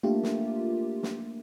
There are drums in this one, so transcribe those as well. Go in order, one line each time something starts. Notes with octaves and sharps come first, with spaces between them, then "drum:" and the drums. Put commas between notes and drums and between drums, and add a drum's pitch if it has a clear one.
A3 A#3 D4 F4 G4
drum: snare
drum: snare